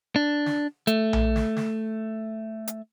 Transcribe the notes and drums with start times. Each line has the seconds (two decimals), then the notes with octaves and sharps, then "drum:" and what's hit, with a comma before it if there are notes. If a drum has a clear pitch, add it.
0.16 D4
0.46 drum: snare
0.87 A3, drum: hi-hat
1.13 drum: tom A#1
1.36 drum: snare
1.56 drum: snare
2.67 drum: hi-hat